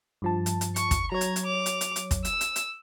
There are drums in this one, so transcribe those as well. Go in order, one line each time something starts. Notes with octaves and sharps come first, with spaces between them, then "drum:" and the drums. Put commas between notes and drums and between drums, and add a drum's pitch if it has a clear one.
G2 F3 A5
drum: hi-hat
drum: hi-hat
C#6, drum: hi-hat
drum: kick, hi-hat
F#3 C#5 A#5 G#6
drum: hi-hat
drum: hi-hat
D6 F7
drum: hi-hat
drum: hi-hat
drum: hi-hat
drum: kick, hi-hat
E6, drum: hi-hat
drum: hi-hat
drum: hi-hat